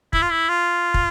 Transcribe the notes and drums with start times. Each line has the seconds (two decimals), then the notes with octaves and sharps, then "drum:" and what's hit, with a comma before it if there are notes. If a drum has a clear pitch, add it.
0.13 E4, drum: kick
0.22 F4
0.31 E4
0.49 F4
0.94 drum: kick